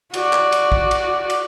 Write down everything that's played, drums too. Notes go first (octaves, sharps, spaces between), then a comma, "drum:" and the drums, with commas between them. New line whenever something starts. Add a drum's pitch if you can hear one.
F#4 D5, drum: cymbal
drum: clap
drum: cymbal
drum: kick
drum: cymbal
drum: cymbal